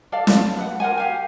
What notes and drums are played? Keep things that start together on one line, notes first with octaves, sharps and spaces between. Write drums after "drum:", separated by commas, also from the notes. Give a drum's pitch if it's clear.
A4 D5 F5
drum: snare
B4 F#5
A#4 C5 F#5 G#5
G4 F5 G#5